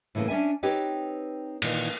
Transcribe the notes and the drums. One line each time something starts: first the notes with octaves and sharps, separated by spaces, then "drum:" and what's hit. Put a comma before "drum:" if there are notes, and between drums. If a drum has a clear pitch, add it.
A2 C#3 E3 G3 A#3
C#4 D4 E5 G#5
C4 D#4 G4 B4 C#5
A#2 D#3 E3, drum: cymbal